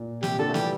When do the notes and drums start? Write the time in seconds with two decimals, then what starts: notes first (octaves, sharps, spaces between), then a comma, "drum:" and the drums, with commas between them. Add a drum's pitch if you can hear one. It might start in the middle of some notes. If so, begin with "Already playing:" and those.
Already playing: A#2
0.23 C3 G4, drum: snare
0.39 A#2 D3 A4
0.49 A3
0.54 E3 G3 G4, drum: snare